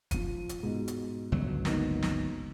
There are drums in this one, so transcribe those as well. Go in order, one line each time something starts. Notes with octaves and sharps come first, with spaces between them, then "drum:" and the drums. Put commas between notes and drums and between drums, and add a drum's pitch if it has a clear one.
F3 D#7, drum: kick, hi-hat
drum: hi-hat
G#2 B2
drum: hi-hat
G1 C#2 F#3
A#3 B3 D#4, drum: snare
drum: snare